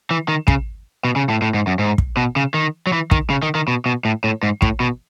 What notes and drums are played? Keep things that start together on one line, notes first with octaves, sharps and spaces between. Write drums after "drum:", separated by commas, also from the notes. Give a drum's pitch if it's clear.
E3
D#3
C#3, drum: kick
B2
C#3
A2
A2
G#2
F#2
G#2
drum: kick
B2
C#3
D#3
F#3
E3
D#3, drum: kick
C#3
D#3
D#3
B2
B2
A2
A2
G#2
A2, drum: kick
B2